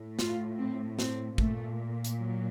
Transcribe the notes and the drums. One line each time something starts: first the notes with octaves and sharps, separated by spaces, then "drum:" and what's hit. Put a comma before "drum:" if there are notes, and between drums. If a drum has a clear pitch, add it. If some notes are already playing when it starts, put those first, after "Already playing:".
Already playing: A2
F4, drum: snare
C4
C4, drum: snare
A#2 A3, drum: kick
drum: hi-hat
F#3